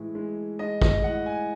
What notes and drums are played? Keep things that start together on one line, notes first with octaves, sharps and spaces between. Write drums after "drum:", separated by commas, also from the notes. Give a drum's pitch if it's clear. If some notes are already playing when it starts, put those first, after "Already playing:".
Already playing: A2 E3 G#3
G#3
G#3 D#5
D#5, drum: kick
A2 F#5
G#5